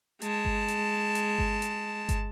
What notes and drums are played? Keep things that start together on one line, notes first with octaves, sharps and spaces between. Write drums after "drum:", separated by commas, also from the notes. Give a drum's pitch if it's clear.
G#3 A5, drum: hi-hat
drum: kick G1
drum: hi-hat
drum: hi-hat
drum: kick G1
drum: hi-hat
drum: kick G1, hi-hat